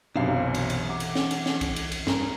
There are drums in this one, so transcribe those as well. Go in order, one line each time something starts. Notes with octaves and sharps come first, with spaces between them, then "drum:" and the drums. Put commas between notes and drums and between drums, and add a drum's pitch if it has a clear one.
B1 F#2 C3 D4 F5
E3
drum: cymbal
drum: cymbal
F#5 D6
drum: cymbal
drum: snare
drum: cymbal
drum: snare
drum: kick, cymbal
drum: cymbal
drum: cymbal
G2 A#4, drum: snare